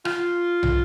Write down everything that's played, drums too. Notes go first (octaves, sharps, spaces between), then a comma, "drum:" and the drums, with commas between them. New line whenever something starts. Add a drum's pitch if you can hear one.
F4, drum: rim click
drum: tom